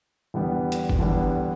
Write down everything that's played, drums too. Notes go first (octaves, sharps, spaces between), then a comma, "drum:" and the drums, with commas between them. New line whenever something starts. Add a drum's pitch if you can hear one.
E2 D3 G3 B3
drum: hi-hat
drum: kick G1
E2 D3 G3 B3